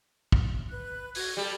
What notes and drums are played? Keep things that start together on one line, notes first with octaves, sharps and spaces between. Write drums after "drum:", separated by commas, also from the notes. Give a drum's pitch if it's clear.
drum: kick
B4 F#6
F#4 G#6, drum: open hi-hat
G3 A4